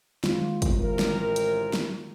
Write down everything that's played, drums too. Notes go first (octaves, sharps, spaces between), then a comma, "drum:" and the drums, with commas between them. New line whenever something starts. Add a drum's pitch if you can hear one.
D#3 G#3 F4, drum: snare
drum: kick, hi-hat
A1 C3 A#4
drum: snare
drum: hi-hat
drum: snare